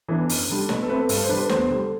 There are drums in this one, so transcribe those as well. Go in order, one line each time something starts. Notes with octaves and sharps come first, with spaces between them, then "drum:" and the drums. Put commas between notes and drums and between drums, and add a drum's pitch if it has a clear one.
E3 B3 D4
F#2, drum: open hi-hat
D3 G3 D4
B2 B4, drum: snare
A4
A3 C4 B4
G2 A4, drum: open hi-hat
C5
D3 G3 D4 B4
E2 C5, drum: snare
D3 G3